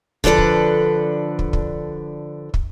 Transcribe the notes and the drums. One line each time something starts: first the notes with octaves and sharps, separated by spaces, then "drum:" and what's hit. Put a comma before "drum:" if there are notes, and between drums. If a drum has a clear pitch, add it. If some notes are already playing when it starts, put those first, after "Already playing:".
D3 F3 D4 A4 B4, drum: kick
drum: kick
drum: kick
drum: kick
drum: kick